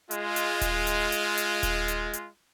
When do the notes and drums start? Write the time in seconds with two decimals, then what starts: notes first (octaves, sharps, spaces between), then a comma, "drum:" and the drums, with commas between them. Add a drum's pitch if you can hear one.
0.11 G#3 F4, drum: hi-hat
0.36 drum: hi-hat
0.61 drum: kick D#1, hi-hat
0.87 drum: hi-hat
1.12 drum: hi-hat
1.37 drum: hi-hat
1.63 drum: kick D#1, hi-hat
1.88 drum: hi-hat
2.13 drum: hi-hat